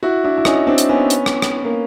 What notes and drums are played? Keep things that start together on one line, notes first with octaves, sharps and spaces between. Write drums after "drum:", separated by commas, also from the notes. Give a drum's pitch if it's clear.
E4 F#4
D4 E4
E4
C#4 D#4, drum: rim click
C4 D4
drum: hi-hat
B3 C#4
drum: hi-hat
drum: rim click
drum: rim click
A#3